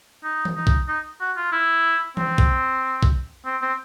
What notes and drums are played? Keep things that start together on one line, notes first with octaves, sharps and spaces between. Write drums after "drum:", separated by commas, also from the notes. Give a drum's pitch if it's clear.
D#4
drum: tom E3
D#4
drum: kick A#1
D#4
F#4
F4
E4
C4, drum: tom E3
drum: kick A#1
drum: kick A#1
C4
C4